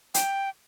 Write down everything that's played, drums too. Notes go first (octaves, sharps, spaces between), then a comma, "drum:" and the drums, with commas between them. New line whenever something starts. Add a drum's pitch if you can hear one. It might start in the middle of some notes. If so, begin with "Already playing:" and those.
G5, drum: hi-hat